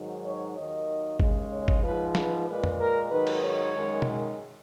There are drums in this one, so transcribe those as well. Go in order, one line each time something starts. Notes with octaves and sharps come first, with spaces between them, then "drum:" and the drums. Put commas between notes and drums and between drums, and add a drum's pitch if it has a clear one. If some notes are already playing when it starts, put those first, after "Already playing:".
Already playing: G#2 D#3 F#3
C#5
D#2 D#3 F#3 D#5
D#2 C#3 G#3, drum: kick G1
C#5
drum: kick G1
G#2 F3 G#3 B4
B4, drum: snare
A#2 G#3 B4
drum: tom
A#4
G#2 D#3 F#3 B4
drum: cymbal
C#5
F#2 D#3 G#3
drum: tom